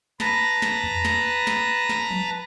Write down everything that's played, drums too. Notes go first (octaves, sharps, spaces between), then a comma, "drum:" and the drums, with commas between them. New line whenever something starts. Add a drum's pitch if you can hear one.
B4 A5 A#5 A#6, drum: snare
drum: snare
drum: tom E2
drum: snare
drum: snare
drum: snare
drum: tom F3